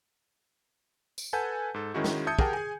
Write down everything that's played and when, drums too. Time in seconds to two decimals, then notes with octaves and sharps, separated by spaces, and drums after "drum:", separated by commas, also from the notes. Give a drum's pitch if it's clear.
1.18 drum: tambourine
1.33 A4 B4 F#5 G#5 A5 G6
1.74 G#2 A4
1.94 D#3 G#3 C#4 D#4 E4 F#4
2.04 drum: snare
2.27 E5 A5 D#6 G6 G#6 C#7
2.39 G4 G#4 A#4 F#5 G5 A5, drum: kick
2.53 G#4 G#5